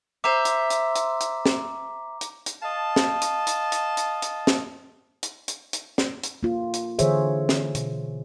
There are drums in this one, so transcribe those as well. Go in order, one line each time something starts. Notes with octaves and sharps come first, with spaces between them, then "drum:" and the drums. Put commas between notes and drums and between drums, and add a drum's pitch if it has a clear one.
C5 E5 A#5 D6
drum: hi-hat
drum: hi-hat
drum: hi-hat
drum: hi-hat
drum: snare
drum: hi-hat
drum: hi-hat
D#5 F5 A5
drum: snare
drum: hi-hat
drum: hi-hat
drum: hi-hat
drum: hi-hat
drum: hi-hat
drum: snare
drum: hi-hat
drum: hi-hat
drum: hi-hat
drum: snare
drum: hi-hat
A#3 F4
drum: hi-hat
D3 E3 G#4 C5 C#5 E5, drum: hi-hat
drum: snare
B2, drum: hi-hat